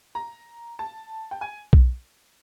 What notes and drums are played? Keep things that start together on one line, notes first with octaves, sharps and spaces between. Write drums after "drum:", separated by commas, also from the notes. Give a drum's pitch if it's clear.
A#5
A5
G5
G#5
drum: kick B1